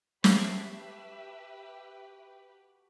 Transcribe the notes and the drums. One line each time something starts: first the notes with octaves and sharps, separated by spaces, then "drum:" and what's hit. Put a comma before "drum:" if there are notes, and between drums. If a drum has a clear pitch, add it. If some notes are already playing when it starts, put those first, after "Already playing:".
F#4 G4 A4 B4 E5 G5 C7, drum: snare